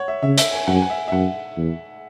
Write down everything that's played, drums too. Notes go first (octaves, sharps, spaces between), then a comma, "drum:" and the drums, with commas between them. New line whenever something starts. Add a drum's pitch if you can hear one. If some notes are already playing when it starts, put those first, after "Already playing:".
Already playing: C#5 F#5
E5
C#3 E5
E5, drum: hi-hat
G#5
F#2 F#5
G#5
F#5
E5
E5
F#2 F#5
E2